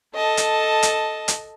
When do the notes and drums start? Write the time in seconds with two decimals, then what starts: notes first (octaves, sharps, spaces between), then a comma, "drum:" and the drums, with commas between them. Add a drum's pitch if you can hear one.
0.15 A4 D#5 A5
0.37 drum: hi-hat
0.83 drum: hi-hat
1.28 drum: hi-hat